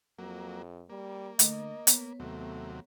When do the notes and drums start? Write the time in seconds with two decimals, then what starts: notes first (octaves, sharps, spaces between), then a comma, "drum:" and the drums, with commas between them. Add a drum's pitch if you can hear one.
0.19 F2 F#3 A#3
0.90 G3 A#3
1.39 D3 A3 D#5, drum: hi-hat
1.87 B3 C#5, drum: hi-hat
2.20 D#2 C3 F#3 A3